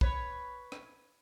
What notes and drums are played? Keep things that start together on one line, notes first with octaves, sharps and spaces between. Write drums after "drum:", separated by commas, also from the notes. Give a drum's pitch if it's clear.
B4 C#5, drum: kick
drum: rim click